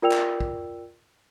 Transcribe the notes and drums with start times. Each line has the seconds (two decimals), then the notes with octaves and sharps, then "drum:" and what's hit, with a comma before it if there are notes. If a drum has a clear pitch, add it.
0.02 F4 A#4 D5 G5 E6 F7
0.12 drum: clap
0.40 drum: kick